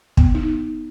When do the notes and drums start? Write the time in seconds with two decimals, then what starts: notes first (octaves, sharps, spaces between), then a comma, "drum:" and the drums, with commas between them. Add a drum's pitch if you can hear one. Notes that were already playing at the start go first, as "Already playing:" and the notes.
0.17 B3, drum: kick
0.35 D#4